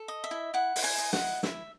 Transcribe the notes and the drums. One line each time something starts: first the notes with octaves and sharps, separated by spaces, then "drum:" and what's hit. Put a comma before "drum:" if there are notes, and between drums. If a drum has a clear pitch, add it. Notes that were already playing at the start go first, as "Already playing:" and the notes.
Already playing: A4
D#5
E5
E4
E4 F#5
E4, drum: open hi-hat
G#5
D#5
F#5, drum: snare
E4
E4 E5, drum: snare